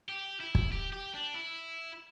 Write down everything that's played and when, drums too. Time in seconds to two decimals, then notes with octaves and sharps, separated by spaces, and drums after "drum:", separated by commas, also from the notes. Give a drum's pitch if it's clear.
0.09 G4
0.40 E4
0.55 drum: kick
0.72 G4
0.92 G4
1.14 D4
1.34 E4